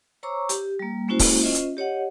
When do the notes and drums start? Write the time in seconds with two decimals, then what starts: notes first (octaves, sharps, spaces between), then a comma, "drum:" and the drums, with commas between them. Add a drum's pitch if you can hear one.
0.23 C5 C#5 A#5 C#6 D6 E6
0.49 G4, drum: hi-hat
0.79 G3 A#3
1.08 G#3 A#3 C#4 E4 F#4 C5
1.19 drum: kick C#1, open hi-hat
1.42 C#4 F4 C5 D#5 E5
1.55 drum: hi-hat
1.77 G4 C#5 D#5 F#5